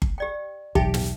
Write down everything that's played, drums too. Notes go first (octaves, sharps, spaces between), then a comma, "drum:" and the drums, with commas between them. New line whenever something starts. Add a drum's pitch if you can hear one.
drum: kick G1
G4 D5 G5
B1 E2 D#4 G4 E5 G5, drum: kick G1
drum: snare